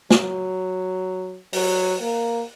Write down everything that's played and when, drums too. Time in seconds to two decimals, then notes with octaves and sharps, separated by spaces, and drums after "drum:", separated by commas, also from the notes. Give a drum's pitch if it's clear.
0.10 F#3, drum: snare
1.53 F#3, drum: open hi-hat
2.01 A#3